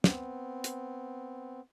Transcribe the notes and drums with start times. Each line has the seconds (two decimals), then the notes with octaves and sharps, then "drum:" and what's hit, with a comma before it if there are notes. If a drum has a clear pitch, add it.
0.04 B3 C4, drum: snare
0.64 drum: hi-hat